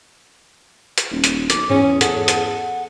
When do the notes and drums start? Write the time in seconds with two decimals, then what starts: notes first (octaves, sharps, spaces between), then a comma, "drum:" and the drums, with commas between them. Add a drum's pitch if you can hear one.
0.98 drum: hi-hat
1.11 D#1
1.24 drum: hi-hat
1.50 B1 D6, drum: hi-hat
1.70 E2 G#2 C#4 G#4
2.01 A4 F#5, drum: hi-hat
2.28 drum: hi-hat